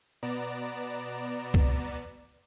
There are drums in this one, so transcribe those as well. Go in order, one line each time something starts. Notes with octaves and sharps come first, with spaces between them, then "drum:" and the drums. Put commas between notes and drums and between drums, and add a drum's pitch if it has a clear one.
B2 B3 D5 A#5 E7
drum: kick